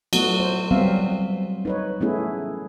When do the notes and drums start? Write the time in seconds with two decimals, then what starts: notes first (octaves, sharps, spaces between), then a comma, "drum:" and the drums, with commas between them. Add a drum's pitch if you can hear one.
0.13 F#3 A3 B3 F#4, drum: cymbal
0.40 C5
0.71 F#3 G3 B3 C4 E5 F5
1.65 D#4 B4 C#5
2.01 A3 B3 C#4 E4 G#4